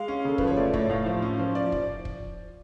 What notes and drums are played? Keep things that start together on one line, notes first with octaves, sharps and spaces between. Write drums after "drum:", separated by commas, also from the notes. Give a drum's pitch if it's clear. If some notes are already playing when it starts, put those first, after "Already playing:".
Already playing: G#3 F5
C#4
C#3 A4
F3 B4, drum: kick
C#5
A3 D5
A2 C#5, drum: kick
A2 F5
F3
C#4
F3
F3 D5
drum: kick
drum: kick